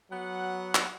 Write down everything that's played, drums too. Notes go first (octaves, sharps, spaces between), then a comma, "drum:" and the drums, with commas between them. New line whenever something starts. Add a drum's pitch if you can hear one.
F#3 B3 F#5
drum: clap